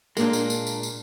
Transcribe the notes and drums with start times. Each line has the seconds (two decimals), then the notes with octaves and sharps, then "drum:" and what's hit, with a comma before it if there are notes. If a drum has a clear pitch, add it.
0.17 A#2 G#3 A#3 D4, drum: tambourine
0.33 drum: tambourine
0.50 drum: tambourine
0.67 drum: tambourine
0.83 drum: tambourine